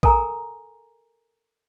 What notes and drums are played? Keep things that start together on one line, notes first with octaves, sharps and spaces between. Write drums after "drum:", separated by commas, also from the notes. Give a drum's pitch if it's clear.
A4 A#4 G#5 A#5, drum: kick A#1